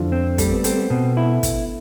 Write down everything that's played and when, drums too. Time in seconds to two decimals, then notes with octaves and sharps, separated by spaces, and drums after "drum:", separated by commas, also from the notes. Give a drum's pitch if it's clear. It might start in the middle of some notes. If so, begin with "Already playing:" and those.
Already playing: F2 D3 F3 D4 E4 F4
0.12 C4
0.38 G3 A3 A4, drum: kick, hi-hat
0.52 B3 B4
0.64 A3 C4 A4, drum: hi-hat
0.78 B3 B4
0.90 B2 B3 B4
1.17 E4
1.43 drum: kick, hi-hat